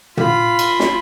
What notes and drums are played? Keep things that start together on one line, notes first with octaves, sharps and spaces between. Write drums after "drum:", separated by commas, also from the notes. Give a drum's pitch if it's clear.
F4 F5 B5, drum: tom
drum: cymbal
drum: snare